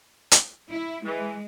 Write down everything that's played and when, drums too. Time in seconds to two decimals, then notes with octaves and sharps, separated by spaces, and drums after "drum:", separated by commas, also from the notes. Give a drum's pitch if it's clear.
0.32 drum: hi-hat
0.71 E4
1.05 E3 G#3